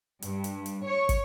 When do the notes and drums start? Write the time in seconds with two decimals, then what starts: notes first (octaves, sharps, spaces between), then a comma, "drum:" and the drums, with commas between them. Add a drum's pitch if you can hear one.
0.22 G2, drum: hi-hat
0.44 drum: hi-hat
0.66 drum: hi-hat
0.86 C#5
1.09 drum: kick, hi-hat